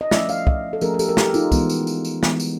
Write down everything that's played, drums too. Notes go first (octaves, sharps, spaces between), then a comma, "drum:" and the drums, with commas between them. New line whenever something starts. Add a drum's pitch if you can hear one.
D#5
F3 A3 C#4 D5 E5, drum: snare
D#5 F5, drum: tambourine
D#5 F5, drum: kick
A4
F3 A3 C#4 G#4 A#4, drum: tambourine
A#4
G4 A4, drum: tambourine
A#4
G4 A4, drum: snare
D#4 F4, drum: tambourine
E3 G#3 B3, drum: kick, tambourine
drum: tambourine
drum: tambourine
drum: tambourine
E3 G#3 B3, drum: snare
drum: tambourine